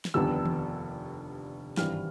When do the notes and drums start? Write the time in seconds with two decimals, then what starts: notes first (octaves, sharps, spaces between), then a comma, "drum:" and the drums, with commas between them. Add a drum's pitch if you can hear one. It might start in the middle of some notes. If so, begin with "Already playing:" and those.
0.05 drum: snare
0.14 F1 D#2 D3 G3 B3 E6
0.46 drum: tom D#3
1.77 G#1 G2 E3 G3 F6, drum: snare